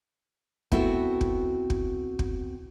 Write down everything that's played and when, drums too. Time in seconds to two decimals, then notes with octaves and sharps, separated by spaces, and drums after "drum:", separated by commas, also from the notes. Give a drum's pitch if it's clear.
0.72 B3 C4 E4 F#4 A4, drum: kick
1.21 drum: kick
1.70 drum: kick
2.19 drum: kick